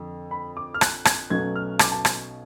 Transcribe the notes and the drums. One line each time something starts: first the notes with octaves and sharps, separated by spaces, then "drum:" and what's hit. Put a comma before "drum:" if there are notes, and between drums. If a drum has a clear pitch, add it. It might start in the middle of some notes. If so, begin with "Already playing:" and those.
Already playing: F2 D3
B5
D6
F6
F#6, drum: rim click
G#6, drum: rim click
B1 B2 F#3 A3 C#4 G#6
F6
D6, drum: rim click
A5
drum: rim click